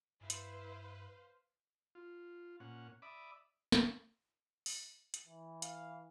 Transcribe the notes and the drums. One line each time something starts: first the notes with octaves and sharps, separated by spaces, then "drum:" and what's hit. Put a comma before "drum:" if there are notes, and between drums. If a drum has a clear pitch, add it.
G2 E4 B4 C5 F5
drum: hi-hat
F4
A#2 C#4 F#5
D5 E5 B5 D6 D#6
drum: snare
drum: open hi-hat
drum: hi-hat
E3
F5, drum: hi-hat